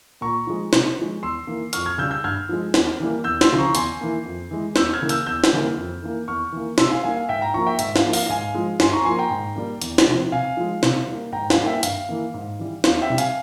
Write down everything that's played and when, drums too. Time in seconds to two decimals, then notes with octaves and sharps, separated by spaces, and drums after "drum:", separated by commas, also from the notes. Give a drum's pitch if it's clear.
0.21 A#2 A#5 C#6
0.47 F3 G#3
0.73 C3, drum: snare
0.97 F3 G#3
1.22 E2 C6 E6
1.47 E3 A#3
1.73 F2 C#6 F6, drum: hi-hat
1.86 F6 G#6
1.98 C#3 G3 E6 G6
2.11 E6 G6
2.24 G2 F6 G#6
2.49 F3 G#3
2.74 E2, drum: snare
3.00 E3 G3 A#3
3.24 E2 E6 G6
3.41 C6 E6, drum: snare
3.50 C#3 F3
3.58 A#5 C#6
3.75 E2 G#5 C6, drum: hi-hat
4.01 E3 A#3
4.25 F2
4.51 E3 G#3
4.76 E2 E6 G6, drum: snare
4.93 F6 G#6
5.01 C#3 E3 A#3
5.09 E6 G6, drum: hi-hat
5.26 E2 E6 G6
5.44 drum: snare
5.53 C#3 E3 G3 A#3
5.77 F2
6.03 E3 A#3
6.28 E2 C#6 F6
6.52 E3 A#3
6.78 C3 C6 E6, drum: snare
6.91 F5 G#5
7.03 G3 A#3 F5 G#5
7.16 F5
7.29 G#2 E5 G5
7.41 G5 A#5
7.54 F3 A#3 A#5 C#6
7.67 E5 G5
7.79 G#2 E5, drum: hi-hat
7.96 F5, drum: snare
8.04 F3 A#3
8.13 F5, drum: open hi-hat
8.29 G#2 F5 G#5
8.55 F3 G#3
8.80 G2 G#5 C6, drum: snare
8.93 A#5 C#6
9.05 F3 A#3 G#5 C6
9.18 G5 A#5
9.30 G#2
9.56 G3 A#3
9.82 E2, drum: hi-hat
9.98 drum: snare
10.07 C3 F3
10.32 C3 F5 G#5
10.57 F3 G#3
10.83 C3, drum: snare
11.07 G3 A#3
11.32 G#2 G5 A#5
11.50 F5 G#5, drum: snare
11.58 G3 A#3
11.66 E5 G5
11.83 G2 F5, drum: hi-hat
12.09 E3 A#3
12.34 G#2
12.59 E3 G3
12.84 E2 F5, drum: snare
13.02 E5 G5
13.10 C3 G3
13.18 F5 G#5, drum: hi-hat